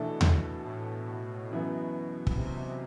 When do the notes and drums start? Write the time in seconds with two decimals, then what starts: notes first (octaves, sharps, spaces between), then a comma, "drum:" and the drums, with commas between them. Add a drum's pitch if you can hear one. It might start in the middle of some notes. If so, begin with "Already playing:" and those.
Already playing: B2 E3 A3 D4 A4
0.21 B2, drum: tom D#2
0.65 A2
1.51 F#2 B2 E3 B3
2.27 drum: kick
2.37 C3